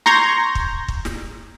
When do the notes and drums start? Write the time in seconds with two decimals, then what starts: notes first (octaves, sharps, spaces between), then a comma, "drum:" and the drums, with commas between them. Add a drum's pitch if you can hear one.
0.06 A#5 C6 C#6 G6 G#6 A#6, drum: snare
0.55 drum: kick
0.88 drum: kick
1.05 drum: snare